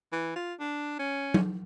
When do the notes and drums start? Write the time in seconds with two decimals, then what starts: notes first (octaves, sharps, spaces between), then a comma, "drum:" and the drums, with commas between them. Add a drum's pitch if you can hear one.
0.12 E3
0.36 F4
0.60 D4
0.99 C#4
1.34 drum: tom F#3